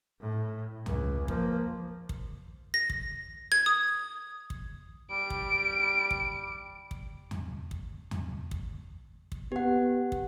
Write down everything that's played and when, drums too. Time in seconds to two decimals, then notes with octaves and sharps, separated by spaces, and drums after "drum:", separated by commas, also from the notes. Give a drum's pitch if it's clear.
0.20 A2
0.86 C#2, drum: tom E2
1.28 F3 A#3, drum: kick
2.09 drum: kick
2.74 A#6
2.90 drum: kick
3.52 G#6
3.66 D#6
4.50 drum: kick
5.12 G3 D7
5.30 drum: kick
6.11 drum: kick
6.91 drum: kick
7.31 drum: tom E2
7.71 drum: kick
8.11 drum: tom E2
8.51 drum: kick
9.32 drum: kick
9.52 B3 G4 F#5
10.12 drum: kick